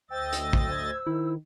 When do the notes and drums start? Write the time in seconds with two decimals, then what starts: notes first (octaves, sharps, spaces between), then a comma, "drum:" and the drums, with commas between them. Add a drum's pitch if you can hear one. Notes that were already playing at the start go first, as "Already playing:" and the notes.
0.10 D2 C5 D#5 G5 E6 A6
0.32 drum: hi-hat
0.53 drum: kick
0.72 G#6
1.07 D#3 E4